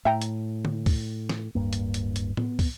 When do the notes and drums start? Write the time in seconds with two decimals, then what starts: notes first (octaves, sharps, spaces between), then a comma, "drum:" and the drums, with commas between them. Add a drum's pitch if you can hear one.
0.05 A2 E5 G5 A#5
0.22 drum: hi-hat
0.65 drum: tom D3
0.86 drum: kick, open hi-hat
1.29 drum: snare
1.55 D1 G2 A#3
1.73 drum: hi-hat
1.94 drum: hi-hat
2.16 drum: hi-hat
2.37 B3, drum: tom A2
2.59 drum: kick, open hi-hat